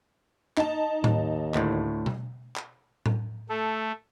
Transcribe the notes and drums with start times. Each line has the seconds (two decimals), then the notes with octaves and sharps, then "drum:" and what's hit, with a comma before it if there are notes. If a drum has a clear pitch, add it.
0.57 D#4 A5, drum: clap
1.04 D#2, drum: tom A2
1.54 D2 A2, drum: clap
2.06 drum: tom B2
2.56 drum: clap
3.06 drum: tom A2
3.49 A3 A4